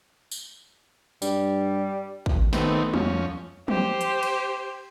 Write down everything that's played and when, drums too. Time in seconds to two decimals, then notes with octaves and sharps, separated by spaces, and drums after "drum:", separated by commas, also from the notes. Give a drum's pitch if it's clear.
0.31 drum: tambourine
1.22 G2 G3, drum: tambourine
2.26 drum: kick
2.53 D#3 A3 B3 C4, drum: snare
2.93 F2 C#4, drum: tom
3.68 G4 C5, drum: tom
4.01 drum: hi-hat
4.23 drum: cymbal